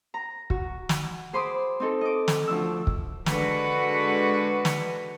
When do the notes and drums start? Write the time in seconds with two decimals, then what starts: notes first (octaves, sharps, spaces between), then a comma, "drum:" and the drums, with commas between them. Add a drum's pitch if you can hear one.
0.14 A#5
0.50 F#4, drum: kick
0.89 drum: snare
1.33 G#4 C5 B5 C6 D6 D#6
1.80 C4 D#4 A4
2.01 D#5 D6
2.28 drum: snare
2.47 D2 F3 D4 E6
2.87 drum: kick
3.26 D3 G#3 F#4 B4, drum: snare
4.65 drum: snare